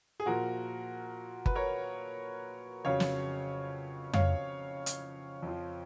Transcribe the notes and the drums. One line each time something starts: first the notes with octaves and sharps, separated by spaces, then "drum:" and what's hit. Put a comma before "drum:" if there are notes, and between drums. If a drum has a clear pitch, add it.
G#4
A#2 F3 F#4 A#4
B4, drum: kick G1
A#4 C#5
F2 C#3 F#3 C#5 F5
drum: snare
C#5 F5, drum: tom F2
drum: hi-hat
F2
F3